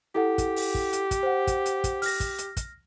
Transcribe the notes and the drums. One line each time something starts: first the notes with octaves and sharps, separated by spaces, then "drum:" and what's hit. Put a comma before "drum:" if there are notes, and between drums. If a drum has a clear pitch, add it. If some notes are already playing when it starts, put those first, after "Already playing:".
E4 G4 A4 F#5
drum: kick, hi-hat
drum: open hi-hat
drum: kick
drum: hi-hat
drum: kick, hi-hat
C5 F#5
drum: kick, hi-hat
drum: hi-hat
drum: kick, hi-hat
F6 A#6, drum: open hi-hat
drum: kick, hi-hat
drum: hi-hat
drum: kick, hi-hat